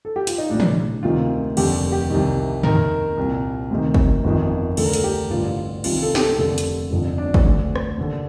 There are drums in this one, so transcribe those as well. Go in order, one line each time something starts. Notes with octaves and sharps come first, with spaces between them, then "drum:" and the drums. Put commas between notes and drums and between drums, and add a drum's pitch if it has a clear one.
A4
G4
F4, drum: hi-hat
D#4
A#1 A2 D4
drum: tom
D2 C3 D#3 F4
F1 D#2 D3 G4, drum: cymbal
G4
C2 C3 D#3
D#2 D#3 A#4, drum: tom
C2 A#2
D2 C3 D#3
drum: kick
G1 F2 D#3
D2 D3 A4, drum: cymbal
A#4
A4, drum: hi-hat
G4
A1 G2 D3 F4
C2 C3 D#3 F4, drum: cymbal
A4
G4, drum: snare
A4
F1 D#2 D3 A4
drum: hi-hat
G1 F2 D3
D4
drum: kick
D2 D3
drum: rim click
D#2 D3